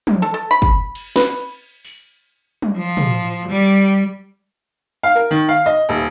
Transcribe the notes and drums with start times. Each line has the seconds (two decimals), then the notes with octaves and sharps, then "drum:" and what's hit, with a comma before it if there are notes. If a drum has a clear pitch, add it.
0.07 drum: tom
0.22 A4
0.34 A4
0.51 B5
0.62 drum: kick
0.95 drum: cymbal
1.16 B4, drum: snare
1.85 drum: open hi-hat
2.62 drum: tom
2.77 F3
2.97 drum: tom
3.49 G3
5.03 F5
5.15 A#4
5.31 D#3
5.49 F5
5.66 D#5
5.89 D#1